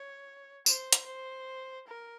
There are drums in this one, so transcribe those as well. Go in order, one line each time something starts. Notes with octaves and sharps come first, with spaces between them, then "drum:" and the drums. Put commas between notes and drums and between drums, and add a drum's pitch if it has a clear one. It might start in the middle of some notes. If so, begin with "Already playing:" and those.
Already playing: C#5
C5, drum: tambourine
drum: hi-hat
C5
A#4